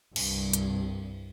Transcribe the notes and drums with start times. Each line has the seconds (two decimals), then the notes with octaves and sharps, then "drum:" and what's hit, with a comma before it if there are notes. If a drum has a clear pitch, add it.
0.16 C2 G2, drum: cymbal
0.53 drum: hi-hat